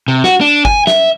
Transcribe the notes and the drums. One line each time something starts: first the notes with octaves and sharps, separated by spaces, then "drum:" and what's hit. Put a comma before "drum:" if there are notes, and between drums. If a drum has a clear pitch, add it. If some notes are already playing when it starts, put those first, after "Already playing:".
C3
F#4, drum: snare
D4
G#5, drum: kick G1
E5, drum: snare